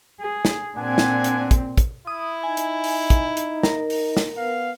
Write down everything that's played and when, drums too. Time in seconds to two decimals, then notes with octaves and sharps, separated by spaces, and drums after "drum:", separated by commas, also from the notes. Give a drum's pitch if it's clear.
0.20 G#4
0.45 drum: snare
0.77 A#2 C4 D4 F#5 G#5
0.98 drum: snare
1.24 drum: hi-hat
1.51 drum: kick, hi-hat
1.78 drum: kick, hi-hat
2.07 E4 D#6
2.43 D#4 G#5
2.57 drum: hi-hat
2.84 drum: open hi-hat
3.10 drum: kick, hi-hat
3.37 drum: hi-hat
3.63 A#4, drum: snare
3.90 drum: open hi-hat
4.17 drum: snare
4.37 B3 F5